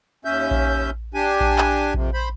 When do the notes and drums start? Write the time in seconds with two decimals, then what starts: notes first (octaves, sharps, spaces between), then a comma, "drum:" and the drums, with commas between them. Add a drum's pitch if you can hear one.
0.25 D#2 C#4 E5 G6
0.51 drum: kick A#1
1.14 D4 G4 G#5
1.41 drum: kick A#1
1.58 drum: clap
1.94 F2 C3, drum: kick A#1
2.14 C5 B5